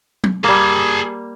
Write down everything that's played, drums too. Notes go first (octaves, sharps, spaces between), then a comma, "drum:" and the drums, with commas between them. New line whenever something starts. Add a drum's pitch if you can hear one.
drum: tom
G3 A#3 G#4 A5